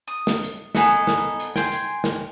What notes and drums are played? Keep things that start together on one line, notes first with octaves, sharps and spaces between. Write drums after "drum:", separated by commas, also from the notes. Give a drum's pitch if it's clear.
D#6
drum: snare
drum: hi-hat
B3 D#4 G#4 A4, drum: snare
drum: snare
drum: hi-hat
G5 G#5 C6, drum: snare
drum: hi-hat
drum: snare